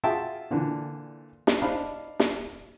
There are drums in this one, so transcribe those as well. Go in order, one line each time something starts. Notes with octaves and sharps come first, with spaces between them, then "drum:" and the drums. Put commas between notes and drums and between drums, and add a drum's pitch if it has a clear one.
F4 F#4 G#4 E5 G5 A5
A#2 D3 E3
drum: snare
D4 D#4 C5 F5 B5
drum: snare